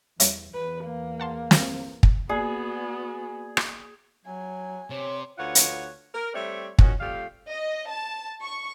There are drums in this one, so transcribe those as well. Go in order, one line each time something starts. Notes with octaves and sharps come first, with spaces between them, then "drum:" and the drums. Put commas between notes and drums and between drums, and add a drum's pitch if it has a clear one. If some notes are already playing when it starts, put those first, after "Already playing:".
E2 G3 C#5 E5, drum: hi-hat
E2 B4
A#3
F#5 A5 C6
drum: snare
drum: kick
A#3 B3 F#4 G#4 D5
drum: rim click
F#3 G#5
C3 C#5
D2 F4 B4 C#5 F#5
drum: hi-hat
A#4
G3 A3 C4 C#5 D5 E5
A#2 D#3 C#4 F#4, drum: kick
F2 G3 A3 G4 F5
D#5
A5
C#6